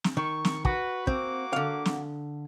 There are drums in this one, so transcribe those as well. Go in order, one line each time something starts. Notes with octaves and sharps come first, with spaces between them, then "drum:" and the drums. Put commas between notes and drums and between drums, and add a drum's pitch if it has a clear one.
drum: snare
D#3 C#6
drum: snare
F#4 B4, drum: kick
A#3 C4 F#5 D6, drum: kick
D3 F5
drum: snare